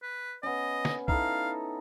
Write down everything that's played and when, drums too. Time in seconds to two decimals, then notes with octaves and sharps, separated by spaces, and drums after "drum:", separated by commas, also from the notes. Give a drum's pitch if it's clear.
0.03 B4
0.43 B3 C#4 D#5
0.85 drum: snare
1.08 D#4 E4 A4 F5, drum: kick B1